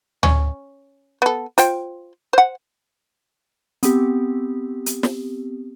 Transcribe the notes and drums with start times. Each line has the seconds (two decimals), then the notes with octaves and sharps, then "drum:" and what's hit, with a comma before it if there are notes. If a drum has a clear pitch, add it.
0.23 C#4, drum: tom D2
1.22 B3 A4
1.58 F4 C5 G5, drum: hi-hat
2.33 C5 F#5
3.83 B3 C4 G4, drum: hi-hat
4.86 drum: hi-hat
5.03 drum: snare